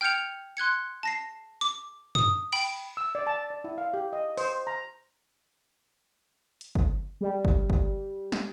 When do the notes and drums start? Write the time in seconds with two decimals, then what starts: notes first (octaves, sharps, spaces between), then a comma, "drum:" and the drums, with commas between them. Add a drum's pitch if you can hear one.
0.01 G5 F6 G6 G#6 C#7 F7
0.57 C6 F#6 G#6 C#7
1.03 A5 A#6 C7
1.61 D6, drum: hi-hat
2.15 D#6, drum: tom
2.52 G5 B5 D7 F#7, drum: cymbal
2.97 E6
3.15 D5
3.27 A5
3.50 D5
3.64 E4
3.78 F5
3.94 G4
4.13 D#5
4.38 C5, drum: open hi-hat
4.67 A#5
6.61 drum: hi-hat
6.75 drum: kick G1
7.21 G3
7.45 drum: kick G1
7.70 drum: kick G1
8.32 drum: snare